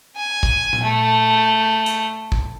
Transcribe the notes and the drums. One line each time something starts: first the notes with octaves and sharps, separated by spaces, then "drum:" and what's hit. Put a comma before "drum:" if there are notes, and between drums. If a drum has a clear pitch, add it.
G#5
drum: kick
drum: tom A#2
A3
drum: hi-hat
drum: kick